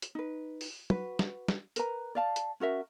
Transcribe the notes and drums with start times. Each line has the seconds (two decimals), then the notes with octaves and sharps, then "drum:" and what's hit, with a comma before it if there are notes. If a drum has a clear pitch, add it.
0.02 drum: hi-hat
0.15 D#4 B4
0.61 drum: open hi-hat
0.90 F#4 B4, drum: tom
1.19 drum: snare
1.48 drum: snare
1.76 A#4 B4 A#5, drum: hi-hat
2.15 D5 F5 A5
2.36 drum: hi-hat
2.60 C#4 F#4 A#4 E5